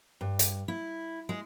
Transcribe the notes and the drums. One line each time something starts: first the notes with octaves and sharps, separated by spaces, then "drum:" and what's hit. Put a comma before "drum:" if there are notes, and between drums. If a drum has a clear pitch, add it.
G2
drum: hi-hat
E4
G#3